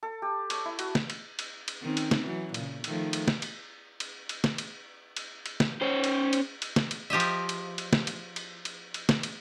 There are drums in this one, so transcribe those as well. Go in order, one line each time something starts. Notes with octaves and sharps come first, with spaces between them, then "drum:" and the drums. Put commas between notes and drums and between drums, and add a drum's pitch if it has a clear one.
A4
G4
C#5, drum: cymbal
E4
F#4, drum: cymbal
drum: snare
drum: cymbal
drum: cymbal
drum: cymbal
D#3 C4 C#4
drum: cymbal
drum: snare
E3 F#3
A#2 C#3, drum: cymbal
D#3 F3 A3, drum: cymbal
drum: cymbal
drum: snare
drum: cymbal
drum: cymbal
drum: cymbal
drum: snare
drum: cymbal
drum: cymbal
drum: cymbal
drum: snare
C#4 C5
drum: cymbal
drum: cymbal
drum: cymbal
drum: snare
drum: cymbal
F3 G4 D#5 E5
drum: cymbal
drum: cymbal
drum: cymbal
drum: snare
drum: cymbal
drum: cymbal
drum: cymbal
drum: cymbal
drum: snare
drum: cymbal